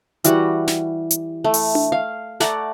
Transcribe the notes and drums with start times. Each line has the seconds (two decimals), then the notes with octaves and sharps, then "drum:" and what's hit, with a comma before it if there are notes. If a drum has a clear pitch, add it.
0.24 E3 G3 F#4 F#5, drum: hi-hat
0.67 drum: snare
1.11 drum: hi-hat
1.44 A3
1.54 drum: open hi-hat
1.75 drum: tom D4
1.92 F5
2.40 A3 D5 F#5 A#5, drum: snare